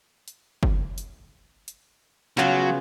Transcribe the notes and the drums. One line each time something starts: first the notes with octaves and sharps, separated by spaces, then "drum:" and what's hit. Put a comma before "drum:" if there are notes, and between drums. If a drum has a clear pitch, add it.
drum: hi-hat
drum: kick F#1
drum: hi-hat
drum: hi-hat
C#3 F#3 B3 F4, drum: clap